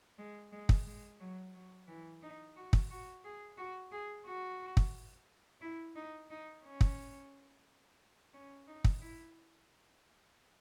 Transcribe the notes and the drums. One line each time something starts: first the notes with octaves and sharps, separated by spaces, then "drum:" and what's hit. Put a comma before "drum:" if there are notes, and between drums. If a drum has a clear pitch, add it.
G#3
G#3
drum: kick
G#3
F#3
F#3
E3
D#4
F#4
drum: kick
F#4
G#4
F#4
G#4
F#4
drum: kick
E4
D#4
D#4
C#4
drum: kick
C#4
D#4
drum: kick
E4